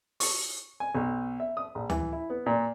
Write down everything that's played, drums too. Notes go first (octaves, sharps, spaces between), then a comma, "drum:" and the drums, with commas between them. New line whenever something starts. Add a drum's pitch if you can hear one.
C#6, drum: open hi-hat
G#5
B1
E5
D#6
A#1
E3, drum: tom D2
E4
B3
A#2